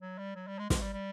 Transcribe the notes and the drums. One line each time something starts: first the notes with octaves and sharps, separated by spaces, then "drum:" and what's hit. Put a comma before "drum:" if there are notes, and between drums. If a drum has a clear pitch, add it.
F#3
G3
F#3
G3
G#3
G#3, drum: snare
G3
G3